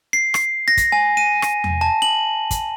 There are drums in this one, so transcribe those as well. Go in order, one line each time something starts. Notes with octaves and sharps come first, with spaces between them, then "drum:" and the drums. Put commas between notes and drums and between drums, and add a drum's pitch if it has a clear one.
C7
C7, drum: rim click
A#6
drum: kick, hi-hat
G#5
D#7
drum: rim click
drum: tom E2
A5
F#7
drum: kick, hi-hat